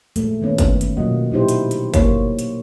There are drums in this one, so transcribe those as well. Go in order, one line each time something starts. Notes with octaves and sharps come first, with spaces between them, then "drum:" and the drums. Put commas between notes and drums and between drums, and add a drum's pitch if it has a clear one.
A#2 G#3 A3, drum: hi-hat
D#3 A#3 B3 C#4
drum: kick G1, hi-hat
drum: hi-hat
B2 F#3 A#3 F4 D#5 F#5
A#2 F#3 D#4 E4 G4 C5
drum: hi-hat
drum: hi-hat
A#3 C5 C#5, drum: kick G1, hi-hat
drum: hi-hat